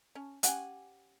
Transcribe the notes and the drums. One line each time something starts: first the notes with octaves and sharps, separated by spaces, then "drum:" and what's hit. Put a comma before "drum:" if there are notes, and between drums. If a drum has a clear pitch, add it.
C#4
C#4 G4 F#5 G#5, drum: hi-hat